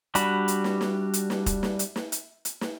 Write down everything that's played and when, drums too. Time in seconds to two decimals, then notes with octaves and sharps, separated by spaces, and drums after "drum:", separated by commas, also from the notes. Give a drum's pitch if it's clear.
0.15 G3 D4 F#4 B5, drum: hi-hat
0.48 drum: hi-hat
0.64 drum: snare
0.81 drum: snare
1.13 drum: hi-hat
1.30 drum: snare
1.46 drum: kick, hi-hat
1.63 drum: snare
1.79 drum: hi-hat
1.96 drum: snare
2.12 drum: hi-hat
2.45 drum: hi-hat
2.61 drum: snare